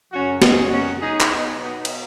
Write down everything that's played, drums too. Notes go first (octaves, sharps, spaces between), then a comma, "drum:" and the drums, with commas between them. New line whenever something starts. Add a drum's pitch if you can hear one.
F#2 C#3 F#3 C#4 F#4
D#4 G#4, drum: snare
C#4 F#4
D#4 G#4
drum: clap
B2 F#3 B3 D#4
B3 D#4
drum: cymbal